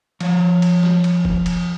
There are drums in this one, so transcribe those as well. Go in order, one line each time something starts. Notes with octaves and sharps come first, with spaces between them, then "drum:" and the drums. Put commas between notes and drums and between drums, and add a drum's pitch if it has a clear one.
F3 C#5, drum: cymbal
drum: cymbal
drum: snare
drum: cymbal
drum: kick F#1
drum: cymbal